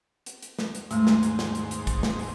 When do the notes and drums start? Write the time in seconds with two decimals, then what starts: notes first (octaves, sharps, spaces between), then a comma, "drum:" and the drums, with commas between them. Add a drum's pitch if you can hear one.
0.26 drum: hi-hat
0.42 drum: hi-hat
0.59 drum: snare
0.75 drum: hi-hat
0.91 D#2 G#2 G#3 A3 C4, drum: hi-hat
1.07 drum: snare
1.23 drum: hi-hat
1.39 drum: snare
1.55 drum: hi-hat
1.71 drum: hi-hat
1.87 drum: kick, hi-hat
2.03 drum: snare
2.19 drum: open hi-hat